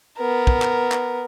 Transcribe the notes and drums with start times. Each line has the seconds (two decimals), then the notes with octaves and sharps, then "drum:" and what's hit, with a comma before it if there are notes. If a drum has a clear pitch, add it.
0.18 B3 A#4
0.47 drum: kick
0.62 drum: clap
0.92 drum: clap